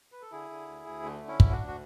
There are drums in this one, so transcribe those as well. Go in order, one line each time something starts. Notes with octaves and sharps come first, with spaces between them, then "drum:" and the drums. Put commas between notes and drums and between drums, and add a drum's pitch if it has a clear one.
B4
A4
D3 E4 G#4
D3
D2
D2
D3 A3
D3
C#4 E4
D2, drum: kick
D4 F#4
D2
F#4